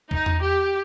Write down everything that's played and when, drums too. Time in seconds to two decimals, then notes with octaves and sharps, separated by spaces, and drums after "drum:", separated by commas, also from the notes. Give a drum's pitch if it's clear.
0.11 D#4, drum: kick A#1
0.26 drum: tom E2
0.41 G4